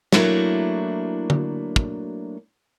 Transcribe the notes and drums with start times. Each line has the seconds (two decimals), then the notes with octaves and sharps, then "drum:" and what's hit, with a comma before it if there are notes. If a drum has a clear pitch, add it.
0.12 F#3 A3 A#3 D4 E4 F#4, drum: snare
1.30 drum: tom D3
1.76 drum: kick